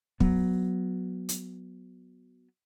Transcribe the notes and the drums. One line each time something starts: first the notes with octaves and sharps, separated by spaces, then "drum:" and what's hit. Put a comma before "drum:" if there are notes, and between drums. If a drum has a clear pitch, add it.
F#3 B3, drum: kick
drum: hi-hat